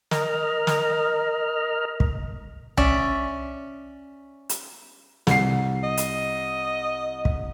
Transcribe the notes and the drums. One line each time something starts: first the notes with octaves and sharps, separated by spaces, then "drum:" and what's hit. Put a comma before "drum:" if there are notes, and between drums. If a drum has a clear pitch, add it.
A#4 D#5 A#5 F6, drum: snare
drum: snare
drum: kick
C#4 D5 E5, drum: tom C2
drum: hi-hat
C2 C7, drum: snare
D#5
drum: hi-hat
drum: kick